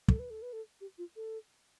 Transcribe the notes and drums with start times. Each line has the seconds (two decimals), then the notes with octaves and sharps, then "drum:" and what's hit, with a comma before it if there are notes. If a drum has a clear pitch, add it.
0.08 A4, drum: kick
0.19 B4
0.30 A4
0.42 B4
0.53 A4
0.81 G4
0.98 F4
1.16 A4